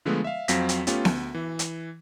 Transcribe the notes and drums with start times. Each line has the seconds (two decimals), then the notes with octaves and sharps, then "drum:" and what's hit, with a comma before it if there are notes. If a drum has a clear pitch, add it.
0.06 D3 F3 G#3 A3 B3
0.24 E5 F5
0.48 F2 F#3 C4 F5 A#6 B6, drum: hi-hat
0.69 drum: hi-hat
0.87 A3 B3 C#4 F4 G4, drum: hi-hat
1.05 D2, drum: snare B3
1.34 E3
1.59 drum: hi-hat